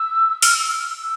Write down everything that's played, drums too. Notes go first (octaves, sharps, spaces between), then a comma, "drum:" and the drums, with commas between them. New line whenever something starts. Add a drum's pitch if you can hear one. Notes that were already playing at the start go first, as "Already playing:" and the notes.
Already playing: E6
E6
F6, drum: open hi-hat
E6
E6